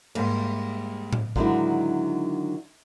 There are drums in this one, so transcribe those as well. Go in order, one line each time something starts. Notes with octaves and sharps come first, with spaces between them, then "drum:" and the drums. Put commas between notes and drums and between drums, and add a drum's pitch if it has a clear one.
G#2 G3 A#3, drum: cymbal
drum: tom A2
D3 D#3 F#3 G#3 D4 E4, drum: kick A1